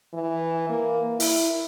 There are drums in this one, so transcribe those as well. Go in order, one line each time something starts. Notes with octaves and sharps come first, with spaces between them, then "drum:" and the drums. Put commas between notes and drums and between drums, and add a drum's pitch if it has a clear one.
E3
A#3
E4, drum: open hi-hat